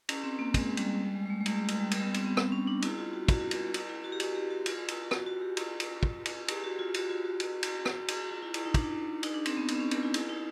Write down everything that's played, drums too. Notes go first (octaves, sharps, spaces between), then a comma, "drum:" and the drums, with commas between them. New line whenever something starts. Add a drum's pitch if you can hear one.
C#4, drum: cymbal
C4
A#3
G#3, drum: kick, cymbal
G3, drum: cymbal
G3
G3
G#3
G#3
A3
G#3
A3, drum: cymbal
G#3
drum: cymbal
G3
G3, drum: cymbal
B3
C4, drum: cymbal
B3
C4, drum: rim click
C#4
D4
E4, drum: cymbal
F4
F#4
F#4, drum: kick, cymbal
F4
F#4, drum: cymbal
drum: cymbal
E4
F#4
G4
F#4, drum: cymbal
G4
F#4
F4, drum: cymbal
drum: cymbal
F#4, drum: rim click
F#4
G4
F4, drum: cymbal
drum: cymbal
drum: kick
drum: cymbal
G4, drum: cymbal
F#4
F4
F#4, drum: cymbal
F4
F#4
drum: cymbal
drum: cymbal
drum: rim click
drum: cymbal
F4
E4
E4, drum: cymbal
D#4
D4, drum: kick, cymbal
D#4
D#4, drum: cymbal
D4
C4, drum: cymbal
B3
B3, drum: cymbal
C4
C#4
D4, drum: cymbal
E4
E4, drum: cymbal
D#4